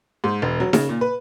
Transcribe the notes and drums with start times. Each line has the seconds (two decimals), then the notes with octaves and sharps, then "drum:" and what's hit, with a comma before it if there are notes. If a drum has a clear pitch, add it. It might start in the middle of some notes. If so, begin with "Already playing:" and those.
0.24 G#2
0.42 E1
0.60 F#3
0.73 C#3, drum: snare D#4
0.89 A#2
1.01 B4